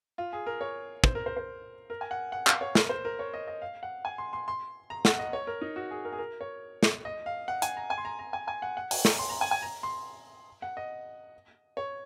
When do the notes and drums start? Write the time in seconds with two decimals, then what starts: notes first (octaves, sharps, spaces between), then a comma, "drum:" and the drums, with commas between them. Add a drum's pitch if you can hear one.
0.18 F4
0.33 G#4
0.46 A#4
0.61 C#5
1.04 C5, drum: kick
1.15 A#4
1.26 C5
1.37 C5
1.90 A#4
2.01 G#5
2.11 F#5
2.32 F#5
2.47 F5, drum: clap
2.61 C#5
2.75 A#4, drum: snare
2.89 C5
3.05 A#4
3.19 C#5
3.34 D#5
3.47 D#5
3.62 F5
3.83 F#5
4.05 G#5
4.18 C6
4.33 C6
4.48 C6
4.90 A#5
5.05 F#5, drum: snare
5.19 D#5
5.33 C#5
5.47 A#4
5.61 D#4
5.76 F#4
5.91 G#4
6.05 A#4
6.12 G#4
6.18 A#4
6.41 C#5
6.83 drum: snare
7.05 D#5
7.26 F5
7.48 F#5
7.62 G#5, drum: hi-hat
7.77 A#5
7.90 G#5
7.98 C6
8.05 A#5
8.19 A#5
8.33 G#5
8.48 G#5
8.62 F#5
8.77 F#5
8.91 G#5, drum: open hi-hat
9.05 A#5, drum: snare
9.19 C6
9.30 A#5
9.41 G#5
9.51 G#5
9.62 A#5
9.83 C6
10.62 F#5
10.77 D#5
11.77 C#5